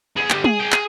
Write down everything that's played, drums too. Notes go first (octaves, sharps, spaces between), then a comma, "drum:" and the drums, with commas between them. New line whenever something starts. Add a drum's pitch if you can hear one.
B3 G#4
D3 G4, drum: clap
G#4, drum: tom
G#4 G5
G#4, drum: clap